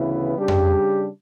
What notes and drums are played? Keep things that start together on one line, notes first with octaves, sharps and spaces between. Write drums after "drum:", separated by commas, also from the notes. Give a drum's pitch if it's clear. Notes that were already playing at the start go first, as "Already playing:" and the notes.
Already playing: D2 C#3 E3 B3 E4
C#3 G3 D4 G4
drum: tom F2